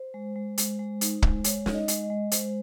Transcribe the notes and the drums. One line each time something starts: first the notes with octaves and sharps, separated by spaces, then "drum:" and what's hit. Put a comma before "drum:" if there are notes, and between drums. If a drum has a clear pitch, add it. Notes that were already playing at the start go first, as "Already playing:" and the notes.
Already playing: C5
G#3
G#3
G#3, drum: hi-hat
G#3
D#4, drum: hi-hat
G#3, drum: kick
G#3 C#5, drum: hi-hat
D#4, drum: snare
D#5
G#3, drum: hi-hat
D#5
G#3
G#3 C5, drum: hi-hat